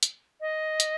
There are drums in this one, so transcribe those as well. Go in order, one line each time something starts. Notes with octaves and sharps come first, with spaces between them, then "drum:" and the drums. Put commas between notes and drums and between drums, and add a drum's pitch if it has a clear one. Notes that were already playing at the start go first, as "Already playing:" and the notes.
drum: hi-hat
D#5
drum: hi-hat